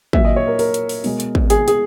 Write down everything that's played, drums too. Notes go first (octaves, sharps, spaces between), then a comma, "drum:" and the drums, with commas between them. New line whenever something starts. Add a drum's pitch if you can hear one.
A#2 F#3 E5, drum: kick
D#5
C#5
A#4
A#4, drum: open hi-hat
drum: hi-hat
drum: open hi-hat
B2 G#3, drum: open hi-hat
drum: hi-hat
drum: kick
G#4, drum: hi-hat
G#4, drum: hi-hat